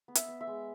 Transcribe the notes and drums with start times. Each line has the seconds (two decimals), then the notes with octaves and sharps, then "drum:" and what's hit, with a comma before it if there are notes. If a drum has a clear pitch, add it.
0.08 B3
0.15 E5, drum: hi-hat
0.28 B3
0.41 E5
0.47 G#3